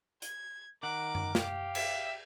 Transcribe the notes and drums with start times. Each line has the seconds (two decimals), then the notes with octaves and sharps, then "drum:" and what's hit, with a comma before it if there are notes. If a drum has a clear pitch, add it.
0.22 G#6, drum: hi-hat
0.83 D#3 A#4 F#5 D6
1.15 drum: tom F#2
1.35 G4 F5, drum: snare
1.75 E5, drum: cymbal